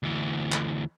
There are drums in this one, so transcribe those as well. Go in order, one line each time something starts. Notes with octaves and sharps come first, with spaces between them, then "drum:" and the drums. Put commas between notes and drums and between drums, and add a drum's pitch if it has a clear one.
D2 E3
drum: clap